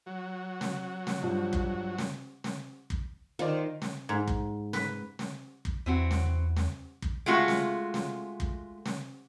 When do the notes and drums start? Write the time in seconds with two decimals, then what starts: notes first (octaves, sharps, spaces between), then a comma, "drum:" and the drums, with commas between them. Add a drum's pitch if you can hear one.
0.06 F#3
0.61 drum: snare
1.07 drum: snare
1.23 G2 F3
1.53 drum: kick
1.98 drum: snare
2.44 drum: snare
2.90 drum: kick
3.39 D#3 F4 C5 D5
3.82 drum: snare
4.09 G#2
4.28 drum: kick
4.73 B4, drum: snare
5.19 drum: snare
5.65 drum: kick
5.86 E2 E3 C4 F#4
6.11 drum: snare
6.57 drum: snare
7.02 drum: kick
7.26 G#3 A3 F4 F#4
7.48 drum: snare
7.94 drum: snare
8.40 drum: kick
8.86 drum: snare